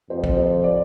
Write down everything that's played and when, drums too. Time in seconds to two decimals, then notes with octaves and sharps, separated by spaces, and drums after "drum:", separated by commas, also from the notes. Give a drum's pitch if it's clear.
0.10 F2 C5
0.24 drum: kick
0.37 C5
0.64 D5